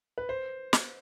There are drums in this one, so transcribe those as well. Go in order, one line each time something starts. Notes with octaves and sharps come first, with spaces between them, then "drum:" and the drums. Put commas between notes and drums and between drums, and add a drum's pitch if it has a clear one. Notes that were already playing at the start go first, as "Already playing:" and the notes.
B4
C5
drum: snare